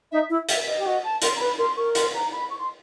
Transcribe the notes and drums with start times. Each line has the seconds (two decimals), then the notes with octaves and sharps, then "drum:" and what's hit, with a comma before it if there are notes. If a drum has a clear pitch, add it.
0.12 D#4 E5
0.30 E4
0.49 E5, drum: hi-hat
0.67 D#5
0.78 G4
0.85 F#4 D#5
1.04 A5
1.22 A#4 C6, drum: hi-hat
1.35 A#5
1.39 B4 B5
1.58 A#4 C6
1.76 A#4 C#6
1.95 C6, drum: hi-hat
2.13 A#5
2.32 B5
2.50 C#6
2.59 C6